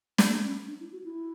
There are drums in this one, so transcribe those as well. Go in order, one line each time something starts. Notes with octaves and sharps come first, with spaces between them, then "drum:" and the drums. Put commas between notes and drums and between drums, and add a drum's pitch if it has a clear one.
B3, drum: snare
C#4
D4
E4
F#4
E4